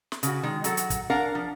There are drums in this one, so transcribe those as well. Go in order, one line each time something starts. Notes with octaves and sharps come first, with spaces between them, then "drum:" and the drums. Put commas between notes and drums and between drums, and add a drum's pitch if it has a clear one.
drum: snare
C#3 F#4, drum: hi-hat
D#3 G#3
F#3 A4 F#5, drum: hi-hat
drum: hi-hat
drum: kick, hi-hat
D4 A#4 F5 F#5
F3